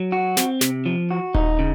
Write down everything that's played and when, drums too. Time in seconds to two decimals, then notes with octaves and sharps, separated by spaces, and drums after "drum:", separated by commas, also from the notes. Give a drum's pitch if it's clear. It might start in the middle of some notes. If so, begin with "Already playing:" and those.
Already playing: F#3
0.12 F#4
0.37 C4, drum: snare
0.61 C3, drum: snare
0.86 F3
1.11 F#4
1.35 D#4, drum: kick D#1
1.59 C#3